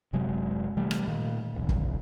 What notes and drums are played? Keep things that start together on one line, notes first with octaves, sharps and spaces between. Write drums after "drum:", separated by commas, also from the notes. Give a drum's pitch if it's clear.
F#1 C3 F#3 G#3
C3 E3 G3 A3
drum: rim click
A#2 D#3
D1 B1 E2
drum: kick